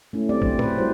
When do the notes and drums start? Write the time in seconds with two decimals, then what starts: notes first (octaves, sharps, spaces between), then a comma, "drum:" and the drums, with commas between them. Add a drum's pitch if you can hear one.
0.13 A3 C#4 E4
0.29 C4 G4 D5
0.42 F#3 D4 C5, drum: kick
0.59 B4 C5, drum: tom A2
0.78 G3 E4 F#4 G#4 C5